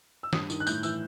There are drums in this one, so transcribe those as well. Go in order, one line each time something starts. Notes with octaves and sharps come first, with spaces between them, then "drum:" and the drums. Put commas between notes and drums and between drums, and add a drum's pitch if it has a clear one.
E6
G2 D#6, drum: snare
D#3, drum: tambourine
F#6
A2 G6, drum: tambourine
E3 E6, drum: tambourine